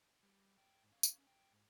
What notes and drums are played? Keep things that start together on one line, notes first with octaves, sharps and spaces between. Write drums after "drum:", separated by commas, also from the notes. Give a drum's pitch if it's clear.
G3
G#2 G5
C#4 F5
drum: tambourine
G#2 G5